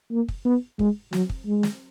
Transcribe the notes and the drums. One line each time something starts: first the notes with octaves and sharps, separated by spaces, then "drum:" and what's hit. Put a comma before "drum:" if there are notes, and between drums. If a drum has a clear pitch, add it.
A#3
drum: kick
B3
G#3, drum: kick
F#3, drum: snare
drum: kick
G#3
drum: snare